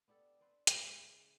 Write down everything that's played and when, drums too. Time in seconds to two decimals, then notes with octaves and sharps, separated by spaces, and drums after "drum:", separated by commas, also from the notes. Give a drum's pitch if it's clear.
0.08 B3 D4 G4 A4
0.41 C4 B4 C5 D5
0.67 G#2 C#3 F#3 G#3, drum: hi-hat
0.87 G#3 E4